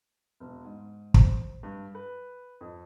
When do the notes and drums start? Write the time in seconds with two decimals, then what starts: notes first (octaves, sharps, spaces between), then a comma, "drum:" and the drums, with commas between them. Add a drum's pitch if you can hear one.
0.40 E1
0.65 G#2
1.14 C5, drum: kick
1.63 G2
1.95 B4
2.61 F2